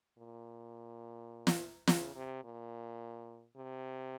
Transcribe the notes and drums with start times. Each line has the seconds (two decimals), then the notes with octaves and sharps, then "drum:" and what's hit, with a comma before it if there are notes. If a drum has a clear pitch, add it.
0.18 A#2
1.47 drum: snare
1.87 C#3, drum: snare
2.16 C3
2.44 A#2
3.56 C3